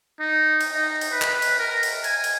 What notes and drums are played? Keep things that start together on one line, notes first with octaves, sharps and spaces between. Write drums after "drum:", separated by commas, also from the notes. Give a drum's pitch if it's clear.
D#4
drum: cymbal
D#4
drum: cymbal
B4
drum: clap
drum: cymbal
A#4
drum: cymbal
G#5, drum: cymbal
drum: cymbal